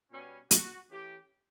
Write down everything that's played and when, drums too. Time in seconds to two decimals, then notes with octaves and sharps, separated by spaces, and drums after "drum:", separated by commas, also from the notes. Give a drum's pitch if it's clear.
0.12 B2 G3 B3 C#4
0.51 F#4, drum: hi-hat
0.91 E3 A3 C#4 G4